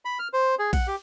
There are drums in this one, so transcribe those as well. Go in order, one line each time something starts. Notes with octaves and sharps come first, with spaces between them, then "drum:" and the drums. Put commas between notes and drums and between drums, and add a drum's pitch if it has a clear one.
B5
F6
C5
G#4
F#5, drum: kick A#1, cymbal
G4